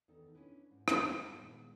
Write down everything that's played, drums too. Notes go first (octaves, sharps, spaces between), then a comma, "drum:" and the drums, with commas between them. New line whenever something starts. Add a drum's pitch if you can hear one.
E2 D#3 D#4 A4
C#4 D4 E4 B4
G#2
drum: rim click
G3 F#5
A#2 D#3 G#3 B3